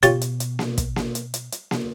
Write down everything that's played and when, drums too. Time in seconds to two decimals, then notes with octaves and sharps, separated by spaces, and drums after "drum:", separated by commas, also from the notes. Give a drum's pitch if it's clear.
0.03 B2 F4 G4 C#5 A6, drum: hi-hat
0.21 drum: hi-hat
0.40 drum: hi-hat
0.59 drum: snare A#3
0.78 drum: kick, hi-hat
0.96 drum: snare A#3
1.15 drum: hi-hat
1.34 drum: hi-hat
1.52 drum: hi-hat
1.71 drum: snare A#3